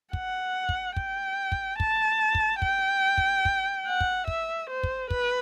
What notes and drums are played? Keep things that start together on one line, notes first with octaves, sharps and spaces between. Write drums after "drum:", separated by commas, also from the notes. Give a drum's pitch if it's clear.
F#5, drum: kick
drum: kick
G5, drum: kick
drum: kick
A5, drum: kick
drum: kick
G5, drum: kick
drum: kick
drum: kick
F#5
drum: kick
E5, drum: kick
C5
drum: kick
B4, drum: kick